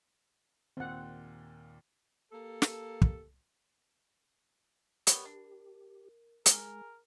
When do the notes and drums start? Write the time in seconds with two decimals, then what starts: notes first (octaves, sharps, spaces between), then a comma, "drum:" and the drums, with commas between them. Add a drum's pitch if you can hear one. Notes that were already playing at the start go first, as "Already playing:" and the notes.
0.77 D#2 A#2 C4 F#5
2.32 A#3 G4 A4
2.62 drum: snare
3.02 drum: kick
5.07 G3 B3 G4 A#4 C#5, drum: hi-hat
5.25 D4
6.46 G#3 G#4 A#4 G#5, drum: hi-hat